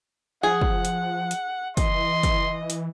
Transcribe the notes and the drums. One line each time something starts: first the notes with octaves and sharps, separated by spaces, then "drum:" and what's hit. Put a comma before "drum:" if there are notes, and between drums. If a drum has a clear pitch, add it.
F3 G#4 F#5
drum: kick
drum: hi-hat
drum: hi-hat
E3 D#5 C6, drum: kick, hi-hat
drum: kick, hi-hat
drum: hi-hat